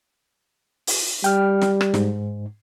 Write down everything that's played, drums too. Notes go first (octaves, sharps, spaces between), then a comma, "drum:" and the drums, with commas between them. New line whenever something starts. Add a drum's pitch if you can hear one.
drum: open hi-hat
G3 G5 F6, drum: hi-hat
drum: snare
drum: rim click
G#2, drum: snare